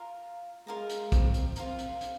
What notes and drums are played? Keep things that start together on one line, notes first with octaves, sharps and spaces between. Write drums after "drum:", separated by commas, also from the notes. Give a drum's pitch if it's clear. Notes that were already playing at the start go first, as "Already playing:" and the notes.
Already playing: F4 A#4 F5 A#5
G#3 F4 A#4 F5 A#5
drum: hi-hat
C4, drum: kick, hi-hat
drum: hi-hat
C4 F4 A#4 F5 A#5, drum: hi-hat
drum: hi-hat
drum: hi-hat